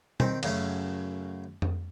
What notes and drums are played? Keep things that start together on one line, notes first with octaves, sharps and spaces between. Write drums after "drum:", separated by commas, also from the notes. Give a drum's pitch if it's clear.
D#3 C4, drum: tom B2
F#2 C#3 A3 C#4, drum: cymbal
drum: tom F2